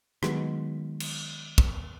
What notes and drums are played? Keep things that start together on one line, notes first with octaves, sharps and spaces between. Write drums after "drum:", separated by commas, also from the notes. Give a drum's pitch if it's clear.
D#3 F#3 G#3 B3, drum: rim click
drum: cymbal
drum: kick